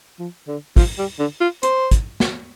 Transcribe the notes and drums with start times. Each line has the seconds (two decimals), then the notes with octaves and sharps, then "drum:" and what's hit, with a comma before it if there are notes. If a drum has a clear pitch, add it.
0.19 F3
0.48 D3
0.76 F3, drum: kick, open hi-hat
0.99 G3
1.19 D3
1.41 F4
1.63 C5, drum: hi-hat
1.91 drum: kick, hi-hat
2.20 drum: snare